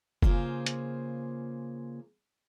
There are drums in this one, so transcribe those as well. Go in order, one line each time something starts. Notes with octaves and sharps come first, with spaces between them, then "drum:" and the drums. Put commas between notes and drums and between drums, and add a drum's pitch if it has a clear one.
C#3 A#3 F4 G#4 C5, drum: kick F#1
drum: hi-hat